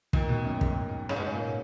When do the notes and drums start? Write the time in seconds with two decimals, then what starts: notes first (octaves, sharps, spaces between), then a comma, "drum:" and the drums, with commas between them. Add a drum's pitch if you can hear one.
0.13 A#2 D#3, drum: kick
0.29 B2
0.45 F#2
0.61 G#2, drum: kick
1.09 G#2 C#3, drum: rim click
1.16 B2
1.20 G#2 C#3
1.33 A#2